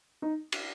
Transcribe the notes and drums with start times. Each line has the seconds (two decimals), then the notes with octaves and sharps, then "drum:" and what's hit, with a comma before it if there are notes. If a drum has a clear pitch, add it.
0.22 D#4
0.52 drum: cymbal